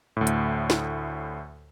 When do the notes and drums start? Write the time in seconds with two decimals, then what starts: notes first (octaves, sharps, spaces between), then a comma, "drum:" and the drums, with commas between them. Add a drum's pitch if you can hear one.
0.17 D2 A2
0.27 drum: hi-hat
0.70 drum: snare